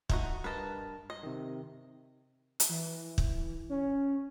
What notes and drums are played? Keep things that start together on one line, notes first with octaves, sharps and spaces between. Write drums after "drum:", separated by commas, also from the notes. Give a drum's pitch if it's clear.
A3 D#4 F#4, drum: kick
G2 A#4 B4 D#5 A5
D#5
C3 D#3
drum: hi-hat
E3
drum: kick
C#4